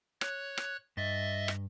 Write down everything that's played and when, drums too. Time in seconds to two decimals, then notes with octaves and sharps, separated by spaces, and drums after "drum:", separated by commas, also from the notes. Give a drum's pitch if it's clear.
0.21 C#5 F#6, drum: rim click
0.58 drum: rim click
0.97 G2 D#5 E5 A6
1.48 drum: rim click